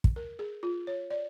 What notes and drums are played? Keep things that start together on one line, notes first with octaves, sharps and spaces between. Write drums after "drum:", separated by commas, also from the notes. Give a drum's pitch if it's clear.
drum: kick
A#4
G#4
F4
C#5
D5